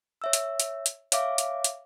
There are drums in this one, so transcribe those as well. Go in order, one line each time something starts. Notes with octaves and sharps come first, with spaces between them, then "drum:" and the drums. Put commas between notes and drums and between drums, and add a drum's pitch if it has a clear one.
C#5 E5 E6
drum: hi-hat
drum: hi-hat
drum: hi-hat
C#5 E5 F5 D6, drum: hi-hat
drum: hi-hat
drum: hi-hat